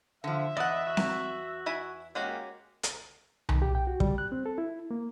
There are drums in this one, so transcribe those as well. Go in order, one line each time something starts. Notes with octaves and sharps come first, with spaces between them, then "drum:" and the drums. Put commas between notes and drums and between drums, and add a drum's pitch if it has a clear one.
D3 F3 E5
E2 D5 D#5 F#5 D#6
F#4
drum: snare C4
E4 E5 G#5
G#3 A#3 C#4 F#4 G4
drum: hi-hat
D#3, drum: tom C2
G4
G5
F#4
G3, drum: kick
F#6
C4
A4
E4
A#3